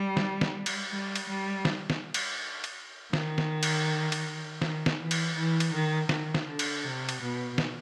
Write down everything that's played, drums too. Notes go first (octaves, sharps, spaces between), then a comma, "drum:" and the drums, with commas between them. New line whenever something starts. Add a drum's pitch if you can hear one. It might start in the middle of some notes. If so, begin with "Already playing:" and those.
Already playing: G3
drum: snare
drum: snare
drum: cymbal
G3
drum: cymbal
G3
drum: snare
drum: snare
drum: cymbal
drum: cymbal
D#3, drum: snare
drum: snare
drum: cymbal
drum: cymbal
D#3, drum: snare
drum: snare
E3
drum: cymbal
E3
drum: cymbal
D#3
D#3, drum: snare
drum: snare
D3
drum: cymbal
C3
drum: cymbal
B2
drum: snare